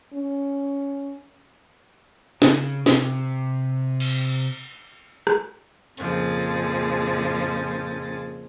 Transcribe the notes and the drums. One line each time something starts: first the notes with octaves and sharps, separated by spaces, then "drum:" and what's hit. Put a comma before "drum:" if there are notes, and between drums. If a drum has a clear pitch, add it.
C#4
C#3, drum: snare
C3, drum: snare
drum: cymbal
drum: rim click
F2 A#2 C#3 F3 G#4 A6, drum: hi-hat